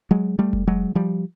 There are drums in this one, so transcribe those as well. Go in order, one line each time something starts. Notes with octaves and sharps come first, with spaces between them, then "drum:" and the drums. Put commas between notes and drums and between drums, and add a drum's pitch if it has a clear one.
F#3 G#3
G3 A3
drum: kick F1
F#3 G#3
F3 G3